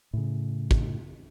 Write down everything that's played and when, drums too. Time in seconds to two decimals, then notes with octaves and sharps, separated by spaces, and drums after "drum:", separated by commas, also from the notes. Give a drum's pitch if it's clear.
0.13 A2 C#3
0.71 drum: kick